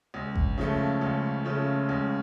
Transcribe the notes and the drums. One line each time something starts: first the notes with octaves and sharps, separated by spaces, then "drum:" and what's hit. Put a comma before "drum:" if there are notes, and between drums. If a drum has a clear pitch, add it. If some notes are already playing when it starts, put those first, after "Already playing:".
C#2
drum: kick G1
C#3 F3 A3
C#2
C#3 F3 A3
C#2